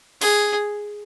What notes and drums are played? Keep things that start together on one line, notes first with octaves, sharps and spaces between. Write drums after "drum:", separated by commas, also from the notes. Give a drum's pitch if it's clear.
G#4, drum: open hi-hat